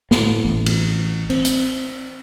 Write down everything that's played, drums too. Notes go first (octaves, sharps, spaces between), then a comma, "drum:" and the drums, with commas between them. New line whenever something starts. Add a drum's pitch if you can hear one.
A2, drum: snare
A1
drum: cymbal
C4, drum: cymbal
drum: hi-hat